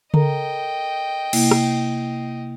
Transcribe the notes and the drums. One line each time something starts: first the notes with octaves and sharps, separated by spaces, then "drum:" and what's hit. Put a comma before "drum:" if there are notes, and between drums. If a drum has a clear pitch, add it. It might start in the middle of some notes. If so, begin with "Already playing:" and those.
A4 A#4 D#5 G5 A#5, drum: tom C#3
C3 A#3 E4, drum: cymbal
drum: rim click